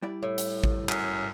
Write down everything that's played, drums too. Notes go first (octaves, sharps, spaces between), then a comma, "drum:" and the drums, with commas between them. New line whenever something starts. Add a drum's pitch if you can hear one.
G3 E4 D5
A2
drum: hi-hat
drum: kick A1
F#2, drum: clap